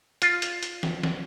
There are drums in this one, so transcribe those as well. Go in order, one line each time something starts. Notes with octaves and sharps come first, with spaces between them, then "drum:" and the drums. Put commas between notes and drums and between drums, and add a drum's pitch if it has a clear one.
F4, drum: hi-hat
drum: hi-hat
drum: hi-hat
drum: snare
drum: snare